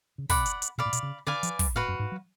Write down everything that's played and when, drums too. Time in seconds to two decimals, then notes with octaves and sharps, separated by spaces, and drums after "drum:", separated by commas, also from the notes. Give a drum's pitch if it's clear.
0.18 C#3
0.29 B2 D5 F#5 B5, drum: kick, open hi-hat
0.46 drum: hi-hat
0.62 drum: hi-hat
0.78 B2 D5 F5 B5
0.85 A2
0.93 B2, drum: hi-hat
1.03 C#3
1.27 D3 B4 D5 F5 G#5
1.43 F3, drum: hi-hat
1.59 F#3, drum: kick, open hi-hat
1.75 A2 F#4 B4 F5
1.88 F#2
1.99 G#2
2.12 F#3